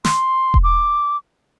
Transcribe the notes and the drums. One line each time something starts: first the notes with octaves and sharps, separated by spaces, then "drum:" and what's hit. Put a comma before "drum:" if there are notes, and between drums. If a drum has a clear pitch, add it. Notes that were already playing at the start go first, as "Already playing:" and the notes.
C6, drum: snare
drum: kick E1
D6